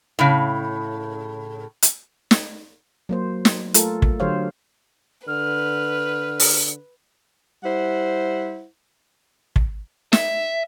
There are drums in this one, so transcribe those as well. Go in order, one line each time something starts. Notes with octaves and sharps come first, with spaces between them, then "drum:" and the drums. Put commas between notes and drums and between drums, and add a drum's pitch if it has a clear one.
A2 C#3
drum: hi-hat
drum: snare
F#3 A#3 C5
drum: snare
A3 F4 A4 A#4, drum: hi-hat
drum: kick
D3 F#3 G4 C5 C#5 F5
D3 B4 F6
drum: open hi-hat
G3 E4 C5 F#5
drum: kick
E5, drum: snare